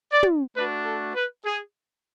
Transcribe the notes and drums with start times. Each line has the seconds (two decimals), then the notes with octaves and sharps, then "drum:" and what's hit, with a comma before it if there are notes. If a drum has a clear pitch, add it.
0.12 D5
0.23 drum: tom
0.56 A3 D4 F#4 B4
0.86 A4
1.15 B4
1.45 G#4